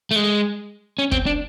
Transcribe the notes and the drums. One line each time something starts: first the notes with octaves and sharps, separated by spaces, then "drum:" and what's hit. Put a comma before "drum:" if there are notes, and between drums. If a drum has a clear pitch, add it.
A3
G#3
C#4
C4, drum: kick
D4